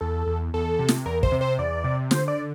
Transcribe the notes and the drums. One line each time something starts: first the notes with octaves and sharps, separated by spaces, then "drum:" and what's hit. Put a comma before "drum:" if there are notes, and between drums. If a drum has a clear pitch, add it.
E2 A4
E2
E2 A4
C3
drum: snare
E2 A#4
C5, drum: kick
C3
C5
E2 D5
C3
D3 C5, drum: snare
D5